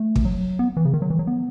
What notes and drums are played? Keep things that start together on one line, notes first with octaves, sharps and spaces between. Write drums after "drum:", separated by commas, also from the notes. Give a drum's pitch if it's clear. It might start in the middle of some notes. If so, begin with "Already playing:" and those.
Already playing: A3
drum: kick
F#3
B3
E3
C#3
D#3
F#3
E3
F#3
B3